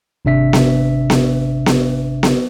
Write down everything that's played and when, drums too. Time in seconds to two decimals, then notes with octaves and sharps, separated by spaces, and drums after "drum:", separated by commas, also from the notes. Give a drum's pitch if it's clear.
0.25 G#1 C3 D4 E5 B6
0.53 drum: snare B3
1.10 drum: snare B3
1.66 drum: snare B3
2.23 drum: snare B3